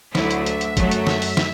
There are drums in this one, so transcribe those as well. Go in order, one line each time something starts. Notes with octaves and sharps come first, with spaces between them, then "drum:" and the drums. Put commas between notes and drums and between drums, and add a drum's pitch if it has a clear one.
D2 D3 F#3 A3 E4, drum: snare
drum: hi-hat
E5, drum: hi-hat
drum: hi-hat
F#2 F#3 A3, drum: kick, hi-hat
drum: hi-hat
drum: snare
drum: open hi-hat
drum: snare